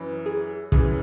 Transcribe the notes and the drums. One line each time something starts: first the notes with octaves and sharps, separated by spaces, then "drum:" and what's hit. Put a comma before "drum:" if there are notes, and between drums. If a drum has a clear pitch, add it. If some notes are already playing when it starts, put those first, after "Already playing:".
Already playing: F#2 E3 C#4 B4
G#4
F#2 E3 C#4 G#4, drum: kick